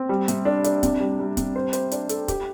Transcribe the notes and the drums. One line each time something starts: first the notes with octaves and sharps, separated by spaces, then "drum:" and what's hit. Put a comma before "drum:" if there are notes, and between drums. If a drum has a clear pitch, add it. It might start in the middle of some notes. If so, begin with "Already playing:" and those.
Already playing: C4
G3
C3, drum: hi-hat
D4
D4, drum: hi-hat
C3, drum: kick, hi-hat
G3
G3
C3, drum: kick, hi-hat
C5
C5, drum: hi-hat
D4, drum: hi-hat
A4, drum: hi-hat
G4, drum: kick, hi-hat